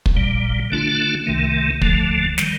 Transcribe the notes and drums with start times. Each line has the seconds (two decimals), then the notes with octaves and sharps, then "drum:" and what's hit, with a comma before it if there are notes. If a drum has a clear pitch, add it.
0.06 drum: kick
0.15 A#1 A#2 G3
0.70 D3 A3 D4 F4
1.26 C2 C3 D#3 A3
1.82 D2 D3 F3 A3, drum: kick
2.38 D#3 G3, drum: snare